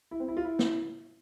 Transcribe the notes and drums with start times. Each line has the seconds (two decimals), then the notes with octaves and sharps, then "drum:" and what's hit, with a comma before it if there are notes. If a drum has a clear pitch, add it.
0.11 E4
0.20 C4
0.28 E4
0.37 F4
0.45 E4
0.59 drum: snare